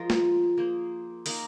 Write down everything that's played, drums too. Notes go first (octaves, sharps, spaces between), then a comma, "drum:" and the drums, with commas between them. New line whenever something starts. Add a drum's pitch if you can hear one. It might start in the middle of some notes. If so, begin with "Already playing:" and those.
Already playing: F3 G#3 F4 A#4
drum: snare
A#3 G#4 C5
A#3 D#4 A#4, drum: open hi-hat